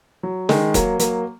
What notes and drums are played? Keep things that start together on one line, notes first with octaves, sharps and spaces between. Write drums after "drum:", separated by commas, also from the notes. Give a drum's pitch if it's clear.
F#3
D#3 G#3, drum: snare
F#3 A#3, drum: kick E1, hi-hat
F#3 A#3, drum: hi-hat